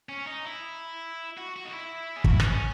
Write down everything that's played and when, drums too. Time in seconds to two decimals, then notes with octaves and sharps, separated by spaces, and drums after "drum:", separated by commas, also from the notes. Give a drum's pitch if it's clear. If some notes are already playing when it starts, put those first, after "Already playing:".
0.09 C#4
0.26 D#4
0.45 E4
1.37 F#4
1.56 F#4
1.65 D#4
1.73 E4
2.17 G#4
2.24 F#4, drum: kick
2.32 E4
2.40 D#4, drum: rim click
2.47 C#4